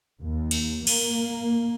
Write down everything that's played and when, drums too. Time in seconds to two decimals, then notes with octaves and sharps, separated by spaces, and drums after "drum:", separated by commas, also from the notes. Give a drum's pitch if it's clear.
0.21 D#2
0.51 drum: cymbal
0.87 A#3, drum: cymbal